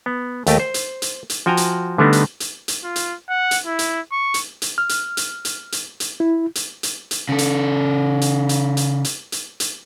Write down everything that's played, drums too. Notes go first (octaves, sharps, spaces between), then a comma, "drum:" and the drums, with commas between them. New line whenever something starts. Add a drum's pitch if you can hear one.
B3
D#2 A3 G4 D#5, drum: hi-hat
C5
drum: hi-hat
drum: hi-hat
drum: hi-hat
F3 F#4 G5 G#5 A#5
drum: hi-hat
D3 G3 A3 B3 D4 D#4
drum: hi-hat
drum: hi-hat
drum: hi-hat
F4
drum: hi-hat
F#5
drum: hi-hat
E4
drum: hi-hat
C#6
drum: hi-hat
drum: hi-hat
F6
drum: hi-hat
drum: hi-hat
drum: hi-hat
drum: hi-hat
drum: hi-hat
E4
drum: hi-hat
drum: hi-hat
drum: hi-hat
C#3 A4
drum: hi-hat
drum: hi-hat
drum: hi-hat
drum: hi-hat
drum: hi-hat
drum: hi-hat
drum: hi-hat